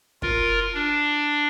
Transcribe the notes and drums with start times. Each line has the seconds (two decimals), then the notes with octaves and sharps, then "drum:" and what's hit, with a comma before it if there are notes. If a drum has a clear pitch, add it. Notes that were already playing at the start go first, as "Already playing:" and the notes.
0.22 F4 A#4, drum: kick
0.75 D4